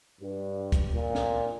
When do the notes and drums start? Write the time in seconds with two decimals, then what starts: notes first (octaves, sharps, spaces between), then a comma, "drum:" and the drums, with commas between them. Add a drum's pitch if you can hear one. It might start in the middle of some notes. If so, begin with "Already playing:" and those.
0.21 G2
0.72 drum: kick, hi-hat
0.94 A#2
1.15 drum: snare